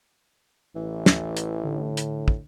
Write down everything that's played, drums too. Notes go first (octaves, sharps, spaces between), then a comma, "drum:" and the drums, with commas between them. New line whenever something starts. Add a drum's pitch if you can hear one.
A1 E3
drum: snare
drum: hi-hat
A2 D3
drum: hi-hat
drum: kick